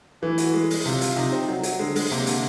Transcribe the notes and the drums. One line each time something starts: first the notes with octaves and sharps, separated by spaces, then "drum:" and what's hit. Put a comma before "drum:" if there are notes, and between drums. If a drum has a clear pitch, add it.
E3 A3
F#4, drum: hi-hat
G#3
G#3, drum: open hi-hat
C3 F4
F4, drum: hi-hat
C3 D#4
C4
F#3
F#3, drum: hi-hat
D3 G#3
G#3, drum: open hi-hat
C3 A#3
D3, drum: hi-hat